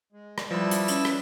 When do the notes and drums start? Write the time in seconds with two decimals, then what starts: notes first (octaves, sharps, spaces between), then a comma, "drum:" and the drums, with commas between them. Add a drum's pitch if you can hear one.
0.13 G#3
0.38 drum: rim click
0.51 F3 G3 E4 B4 E6
0.71 drum: hi-hat
0.88 C#4, drum: hi-hat
1.05 drum: rim click